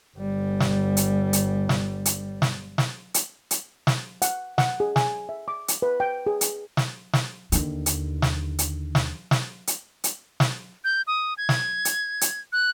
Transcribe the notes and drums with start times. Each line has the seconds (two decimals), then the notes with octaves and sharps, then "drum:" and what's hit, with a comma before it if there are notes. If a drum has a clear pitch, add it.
0.17 G1 G3
0.60 drum: snare
0.97 drum: hi-hat
1.33 drum: hi-hat
1.69 drum: snare
2.05 drum: hi-hat
2.42 drum: snare
2.78 drum: snare
3.14 drum: hi-hat
3.51 drum: hi-hat
3.87 drum: snare
4.22 F#5, drum: hi-hat
4.58 F#5, drum: snare
4.80 G#4
4.96 G#5, drum: snare
5.29 E5
5.48 D6
5.68 drum: hi-hat
5.82 B4
6.00 G5
6.27 G#4
6.41 drum: hi-hat
6.77 drum: snare
7.13 drum: snare
7.52 D#2 D3, drum: hi-hat
7.86 drum: hi-hat
8.22 drum: snare
8.59 drum: hi-hat
8.95 drum: snare
9.31 drum: snare
9.67 drum: hi-hat
10.04 drum: hi-hat
10.40 drum: snare
10.84 G6
11.07 D#6
11.38 G#6
11.49 drum: snare
11.85 drum: hi-hat
12.21 drum: hi-hat
12.53 F#6